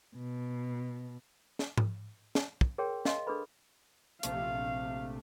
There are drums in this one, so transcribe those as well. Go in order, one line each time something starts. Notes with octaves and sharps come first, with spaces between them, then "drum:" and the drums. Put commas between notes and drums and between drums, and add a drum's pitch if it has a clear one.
B2
drum: snare
drum: tom G#2
drum: snare
drum: kick
G#4 A#4 C#5 G5 C6
D#5 F5 C6, drum: snare
D4 G#4 A4 B4 B5
A#1 C3 A3 F5, drum: hi-hat